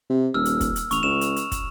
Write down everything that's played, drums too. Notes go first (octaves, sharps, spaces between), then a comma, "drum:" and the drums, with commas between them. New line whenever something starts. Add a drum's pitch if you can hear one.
C3
D#1 E6 F6
drum: hi-hat
drum: kick, hi-hat
drum: hi-hat
A1 C#6 F7, drum: hi-hat
C#2 E7
drum: hi-hat
drum: hi-hat
drum: kick, hi-hat